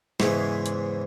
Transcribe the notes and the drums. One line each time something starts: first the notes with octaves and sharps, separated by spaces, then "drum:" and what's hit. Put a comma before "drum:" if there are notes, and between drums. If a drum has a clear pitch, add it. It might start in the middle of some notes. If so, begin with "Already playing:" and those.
E2 G#2 C#3 E3 G#3, drum: snare
drum: hi-hat